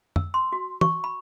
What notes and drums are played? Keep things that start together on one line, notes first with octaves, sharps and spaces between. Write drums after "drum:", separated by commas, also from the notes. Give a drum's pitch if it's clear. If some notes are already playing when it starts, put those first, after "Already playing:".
E6, drum: tom F2
C6
F#4
C#6, drum: tom
B5